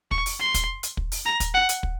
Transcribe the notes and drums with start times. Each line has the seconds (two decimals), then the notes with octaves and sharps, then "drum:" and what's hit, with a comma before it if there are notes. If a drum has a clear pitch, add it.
0.11 C#6, drum: kick
0.26 drum: open hi-hat
0.40 C6
0.54 drum: kick, hi-hat
0.83 drum: hi-hat
0.97 drum: kick
1.12 drum: open hi-hat
1.26 A#5
1.40 drum: kick, hi-hat
1.54 F#5
1.69 drum: hi-hat
1.83 drum: kick